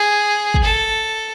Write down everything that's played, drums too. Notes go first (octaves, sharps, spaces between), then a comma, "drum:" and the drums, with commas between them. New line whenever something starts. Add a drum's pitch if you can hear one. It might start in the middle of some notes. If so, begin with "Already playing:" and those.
Already playing: G#4
drum: kick
A4